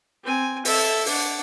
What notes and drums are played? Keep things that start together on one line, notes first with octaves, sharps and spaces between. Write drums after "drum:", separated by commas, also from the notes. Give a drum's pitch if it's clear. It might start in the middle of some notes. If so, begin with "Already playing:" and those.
C4 G#5
A4 E5, drum: open hi-hat
D4 F#5, drum: open hi-hat